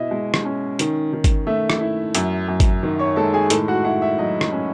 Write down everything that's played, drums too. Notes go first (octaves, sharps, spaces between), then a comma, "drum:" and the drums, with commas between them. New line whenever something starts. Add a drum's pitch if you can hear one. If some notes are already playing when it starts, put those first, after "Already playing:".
Already playing: B2 E4 D#5 E5
G#3
drum: rim click
C#4
D#3, drum: hi-hat
D#3
drum: kick, hi-hat
A3 E5
drum: rim click
E4
F#2, drum: hi-hat
F#2
drum: kick, hi-hat
D#3
C#5 C#6
G#3 A4 A5
G#4 G#5
A2 A4 A5, drum: hi-hat
F#4 F#5
E4 F#4 F#5
E5
F#3 D#5
drum: rim click
C#4